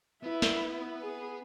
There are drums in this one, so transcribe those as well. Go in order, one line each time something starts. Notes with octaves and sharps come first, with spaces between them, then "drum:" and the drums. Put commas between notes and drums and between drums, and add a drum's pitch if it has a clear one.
B3 E4 B4
drum: snare
G#4